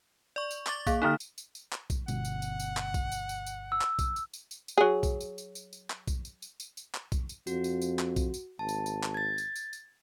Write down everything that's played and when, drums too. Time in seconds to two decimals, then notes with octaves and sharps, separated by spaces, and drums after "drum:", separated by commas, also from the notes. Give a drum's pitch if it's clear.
0.36 D5 C#6
0.51 drum: tambourine
0.66 C#6 D6 A6, drum: clap
0.87 A#3 G#4 F5, drum: kick, tambourine
1.02 D3 A#3 D#4 A4 G5 F6
1.20 drum: tambourine
1.38 drum: tambourine
1.55 drum: tambourine
1.72 drum: clap
1.90 drum: kick, tambourine
2.08 G1 B2 F#5, drum: tambourine
2.25 drum: tambourine
2.42 drum: tambourine
2.59 drum: tambourine
2.77 drum: clap
2.94 drum: kick, tambourine
3.12 drum: tambourine
3.29 drum: tambourine
3.46 drum: tambourine
3.72 E6
3.81 drum: clap
3.99 drum: kick, tambourine
4.16 drum: tambourine
4.33 drum: tambourine
4.51 drum: tambourine
4.68 drum: tambourine
4.78 F#3 G#4
5.03 drum: kick, tambourine
5.20 drum: tambourine
5.38 drum: tambourine
5.55 drum: tambourine
5.73 drum: tambourine
5.90 drum: clap
6.08 drum: kick, tambourine
6.25 drum: tambourine
6.42 drum: tambourine
6.60 drum: tambourine
6.77 drum: tambourine
6.95 drum: clap
7.12 drum: kick, tambourine
7.29 drum: tambourine
7.47 F2 F#4, drum: tambourine
7.64 drum: tambourine
7.82 drum: tambourine
7.99 drum: clap
8.16 drum: kick, tambourine
8.34 drum: tambourine
8.59 G#1 A5
8.69 drum: tambourine
8.86 drum: tambourine
9.03 drum: clap
9.14 G#6 A6
9.38 drum: tambourine
9.56 drum: tambourine
9.73 drum: tambourine